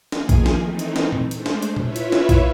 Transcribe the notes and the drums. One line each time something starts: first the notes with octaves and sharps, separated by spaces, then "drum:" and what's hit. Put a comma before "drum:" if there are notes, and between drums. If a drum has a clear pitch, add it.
D#3 F3 A#3 G#4 G#5, drum: snare
drum: kick A#1, hi-hat
drum: snare
E3 A3 C4 D#4
drum: hi-hat
drum: snare
drum: tom A#2
G#3 A3 D4 C5, drum: hi-hat
drum: snare
drum: hi-hat
E4 F4 B4 C#5 E5, drum: tom A#2
drum: hi-hat
drum: snare
drum: kick A#1, hi-hat